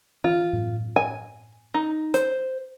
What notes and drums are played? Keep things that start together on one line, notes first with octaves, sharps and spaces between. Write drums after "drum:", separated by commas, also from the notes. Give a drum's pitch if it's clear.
F4, drum: tom E3
drum: tom A2
G#5
D#4
C5, drum: hi-hat